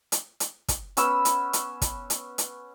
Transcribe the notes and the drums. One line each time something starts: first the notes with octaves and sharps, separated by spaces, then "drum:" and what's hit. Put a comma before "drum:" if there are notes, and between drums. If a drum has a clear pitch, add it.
drum: hi-hat
drum: hi-hat
drum: kick, hi-hat
B3 C#4 B5 E6, drum: hi-hat
drum: hi-hat
drum: hi-hat
drum: kick, hi-hat
drum: hi-hat
drum: hi-hat